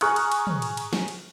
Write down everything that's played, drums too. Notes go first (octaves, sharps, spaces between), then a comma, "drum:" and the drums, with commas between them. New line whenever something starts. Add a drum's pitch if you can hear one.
G#4 A#5 C#6 D#6 F6 F#6, drum: cymbal
drum: cymbal
drum: cymbal
drum: tom
drum: cymbal
drum: cymbal
drum: snare
drum: cymbal